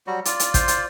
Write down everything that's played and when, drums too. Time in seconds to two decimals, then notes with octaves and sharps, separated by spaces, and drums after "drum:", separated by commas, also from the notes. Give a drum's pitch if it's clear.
0.07 F#3 G3 F#4
0.25 F4 D5, drum: hi-hat
0.40 drum: hi-hat
0.54 C5, drum: kick, hi-hat
0.68 drum: hi-hat